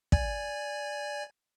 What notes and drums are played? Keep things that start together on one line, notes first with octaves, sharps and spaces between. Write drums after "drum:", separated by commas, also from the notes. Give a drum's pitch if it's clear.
D5 G#5 G#6, drum: kick